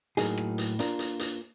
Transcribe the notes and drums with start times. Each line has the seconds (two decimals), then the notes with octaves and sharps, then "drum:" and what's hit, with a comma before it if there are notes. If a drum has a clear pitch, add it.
0.17 A2 F#3 A#3 D#4 G#4, drum: hi-hat
0.38 drum: rim click
0.58 drum: hi-hat
0.79 A#3 D4 F4 A#4, drum: hi-hat
0.99 drum: hi-hat
1.19 drum: hi-hat